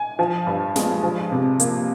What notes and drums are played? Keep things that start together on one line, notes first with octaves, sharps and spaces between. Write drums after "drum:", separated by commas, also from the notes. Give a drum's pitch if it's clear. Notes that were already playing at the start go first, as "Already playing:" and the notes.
Already playing: G#5
F3
G2
G#3, drum: snare
F3
C3
A#3, drum: hi-hat